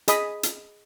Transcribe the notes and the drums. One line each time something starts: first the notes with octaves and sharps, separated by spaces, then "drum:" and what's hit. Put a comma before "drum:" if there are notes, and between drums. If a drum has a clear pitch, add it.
G#4 D#5 B5 D#6, drum: hi-hat
drum: hi-hat